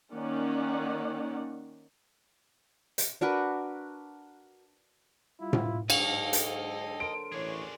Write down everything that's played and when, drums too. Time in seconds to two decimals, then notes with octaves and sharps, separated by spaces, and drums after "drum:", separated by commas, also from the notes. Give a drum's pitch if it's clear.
0.13 D#3 A#3 C#4 D5 F#5
2.98 drum: hi-hat
3.21 D4 F#4 A#4 B4
5.41 G3 E4 F4
5.53 drum: tom A2
5.90 G#2 D3 F#3 D#5 F5, drum: cymbal
6.33 A4 A5, drum: hi-hat
7.00 A#4 C5 C6 D7
7.32 A1 E3 D4 G#4 C#5